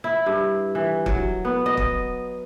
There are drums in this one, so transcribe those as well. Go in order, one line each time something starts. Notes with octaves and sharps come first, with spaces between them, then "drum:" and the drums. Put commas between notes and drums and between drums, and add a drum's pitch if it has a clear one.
E4
G2
E3
F#3, drum: kick
B3
D#5
drum: kick